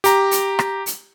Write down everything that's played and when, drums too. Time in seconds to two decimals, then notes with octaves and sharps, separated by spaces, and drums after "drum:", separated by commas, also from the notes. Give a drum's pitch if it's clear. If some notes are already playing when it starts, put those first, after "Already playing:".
0.04 G4 A#5, drum: hi-hat
0.31 drum: hi-hat
0.59 drum: rim click
0.86 drum: hi-hat